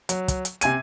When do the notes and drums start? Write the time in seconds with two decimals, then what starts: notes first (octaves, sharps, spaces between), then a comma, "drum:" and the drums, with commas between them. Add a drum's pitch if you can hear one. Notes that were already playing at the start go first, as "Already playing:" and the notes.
0.09 F#3, drum: hi-hat
0.28 drum: kick, hi-hat
0.45 drum: hi-hat
0.61 C3 G#5 G#6 D#7, drum: hi-hat